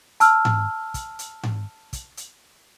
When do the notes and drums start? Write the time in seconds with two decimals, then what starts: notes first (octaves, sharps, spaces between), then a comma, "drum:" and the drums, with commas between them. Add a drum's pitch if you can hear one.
0.20 A5 E6 F6, drum: hi-hat
0.45 drum: tom G#2
0.94 drum: kick, hi-hat
1.19 drum: hi-hat
1.43 drum: tom G#2
1.93 drum: kick, hi-hat
2.17 drum: hi-hat